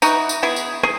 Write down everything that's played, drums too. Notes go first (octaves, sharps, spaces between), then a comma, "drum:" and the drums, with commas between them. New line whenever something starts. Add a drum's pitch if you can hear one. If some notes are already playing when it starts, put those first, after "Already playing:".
E3 D#4 F#4, drum: tambourine
drum: tambourine
B3 E4 G#4
drum: tambourine
G#4, drum: rim click